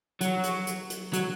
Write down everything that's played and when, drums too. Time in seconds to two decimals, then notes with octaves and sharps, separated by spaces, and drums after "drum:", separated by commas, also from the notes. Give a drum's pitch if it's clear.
0.21 F#3, drum: hi-hat
0.43 drum: hi-hat
0.67 drum: hi-hat
0.90 drum: hi-hat
1.13 F#3, drum: hi-hat